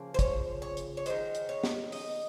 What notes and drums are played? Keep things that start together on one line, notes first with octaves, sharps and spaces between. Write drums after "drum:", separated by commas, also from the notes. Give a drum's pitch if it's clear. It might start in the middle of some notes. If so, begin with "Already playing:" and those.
Already playing: C#3 F3 A#3
C5
C#5, drum: kick, hi-hat
C#5
drum: hi-hat
C#5
D#3 G#3 C5, drum: hi-hat
drum: hi-hat
C#5
drum: snare
D#5, drum: open hi-hat